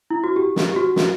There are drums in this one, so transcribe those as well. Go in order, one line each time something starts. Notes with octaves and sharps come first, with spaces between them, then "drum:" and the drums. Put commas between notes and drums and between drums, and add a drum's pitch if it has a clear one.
E4
F#4
G4
drum: snare
G4
F#4
drum: snare